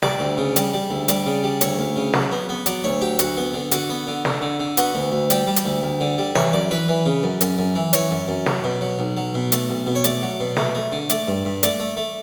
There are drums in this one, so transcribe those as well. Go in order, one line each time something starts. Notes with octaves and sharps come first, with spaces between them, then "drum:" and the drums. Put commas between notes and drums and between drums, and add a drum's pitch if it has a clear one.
G3 D5, drum: snare
D2
C#3
G3, drum: hi-hat
G3
D2
G3 D5, drum: hi-hat
C#3
G3
D2 C#5, drum: hi-hat
D2
C#3
F#3, drum: snare
B3
B3
F#3 D5, drum: hi-hat
D2 C#5
F#3 G4
D2 F#4, drum: hi-hat
B3
D3
D3 F#4, drum: hi-hat
B3
D3
D3, drum: snare
D3
D3
B3 F#4, drum: hi-hat
D2
D2
G3 G4, drum: hi-hat
G3
drum: hi-hat
D2
D2
D3
G3
E3 C#5, drum: snare
F#2 D5
E3 B4
E3
C#3
F#2
F#2, drum: hi-hat
F#2
E3
E3 C#5, drum: hi-hat
F#2
F#2
F#3, drum: snare
B2
F#3
B1
F#3
B2
A3, drum: hi-hat
B1
B2
C#5
A3 D5, drum: hi-hat
F#3
B2
A3, drum: snare
A3
D3
A3 D5, drum: hi-hat
G2
G2
A3 D5, drum: hi-hat
A3
A3